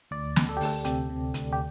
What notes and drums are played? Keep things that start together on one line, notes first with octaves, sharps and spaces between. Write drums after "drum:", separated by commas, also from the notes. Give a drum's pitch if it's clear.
D2 D5
D2, drum: snare
A4
G4
D2 A4, drum: open hi-hat
C3 G4, drum: hi-hat
C3
D2, drum: hi-hat
G4